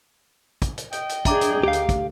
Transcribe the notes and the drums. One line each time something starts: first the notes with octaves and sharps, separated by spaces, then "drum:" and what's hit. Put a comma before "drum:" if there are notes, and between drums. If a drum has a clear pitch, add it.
drum: kick, hi-hat
drum: hi-hat
D#5 G5, drum: hi-hat
drum: hi-hat
D4 G#4 E5 A#5 D6, drum: kick, hi-hat
drum: hi-hat
D2 G4 F5
drum: hi-hat
drum: kick, hi-hat